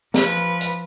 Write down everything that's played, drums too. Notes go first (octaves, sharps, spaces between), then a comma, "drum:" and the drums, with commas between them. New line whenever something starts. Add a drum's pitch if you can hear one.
F3 B4, drum: snare
drum: hi-hat